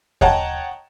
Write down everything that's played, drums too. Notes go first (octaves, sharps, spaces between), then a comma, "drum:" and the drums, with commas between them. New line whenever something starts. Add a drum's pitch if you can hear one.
C#5 D#5 F#5 G5 A5 A#5, drum: kick D#2